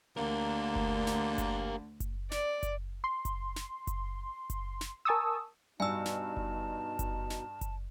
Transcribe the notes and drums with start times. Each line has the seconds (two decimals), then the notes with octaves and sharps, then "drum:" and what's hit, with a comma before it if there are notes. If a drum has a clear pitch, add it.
0.17 D2 D3 A#3 G4 A#4
0.76 drum: kick F#1
1.07 drum: snare
1.38 drum: kick F#1, hi-hat
2.00 drum: kick F#1, hi-hat
2.31 D5, drum: snare
2.63 drum: kick F#1, hi-hat
3.04 C6
3.25 drum: kick F#1, hi-hat
3.56 drum: snare
3.87 drum: kick F#1, hi-hat
4.50 drum: kick F#1, hi-hat
4.81 drum: snare
5.05 A#4 G#5 A5 C#6 D#6 E6
5.80 G2 B2 D#4 G#5 A5 E6
6.05 drum: snare
6.37 drum: kick F#1
6.99 drum: kick F#1, hi-hat
7.30 drum: snare
7.61 drum: kick F#1, hi-hat